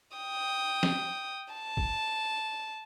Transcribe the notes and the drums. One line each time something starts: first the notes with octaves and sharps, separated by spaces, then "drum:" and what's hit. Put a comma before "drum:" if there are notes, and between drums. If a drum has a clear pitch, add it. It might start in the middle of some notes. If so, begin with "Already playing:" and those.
G5 D#6
drum: snare
A5
drum: kick